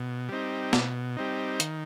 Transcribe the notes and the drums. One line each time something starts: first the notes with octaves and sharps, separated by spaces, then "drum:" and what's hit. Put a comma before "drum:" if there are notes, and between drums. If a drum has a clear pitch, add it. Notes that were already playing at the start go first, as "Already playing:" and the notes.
Already playing: B2
G3 C4 D#4
B2, drum: snare
G3 C4 D#4
D#3, drum: hi-hat